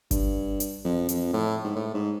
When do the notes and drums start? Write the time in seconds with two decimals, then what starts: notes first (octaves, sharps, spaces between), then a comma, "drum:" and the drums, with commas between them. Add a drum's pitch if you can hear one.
0.11 G2, drum: kick G1, hi-hat
0.60 drum: hi-hat
0.84 F2
1.09 F2, drum: hi-hat
1.34 A2
1.64 G#2
1.76 A2
1.94 G#2